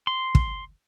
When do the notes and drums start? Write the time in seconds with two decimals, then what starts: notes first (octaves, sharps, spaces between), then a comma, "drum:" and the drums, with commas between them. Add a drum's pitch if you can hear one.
0.07 C6
0.35 drum: kick